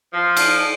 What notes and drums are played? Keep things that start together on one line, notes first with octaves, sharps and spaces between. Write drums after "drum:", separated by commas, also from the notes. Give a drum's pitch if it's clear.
F3
drum: cymbal